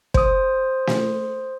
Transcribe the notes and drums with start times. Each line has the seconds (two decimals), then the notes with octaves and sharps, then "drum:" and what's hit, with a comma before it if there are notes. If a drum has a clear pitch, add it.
0.14 C5 D#6, drum: kick
0.87 drum: snare